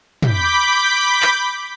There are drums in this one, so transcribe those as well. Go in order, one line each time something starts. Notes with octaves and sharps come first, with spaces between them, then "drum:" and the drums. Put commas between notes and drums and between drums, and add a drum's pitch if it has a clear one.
B5 D6 G6 B6, drum: tom
drum: clap